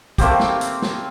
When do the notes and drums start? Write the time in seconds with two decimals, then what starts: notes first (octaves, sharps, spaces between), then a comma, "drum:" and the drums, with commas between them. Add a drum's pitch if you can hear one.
0.18 A3 A#3 C4 G4, drum: kick, hi-hat
0.40 drum: snare
0.61 drum: hi-hat
0.82 drum: snare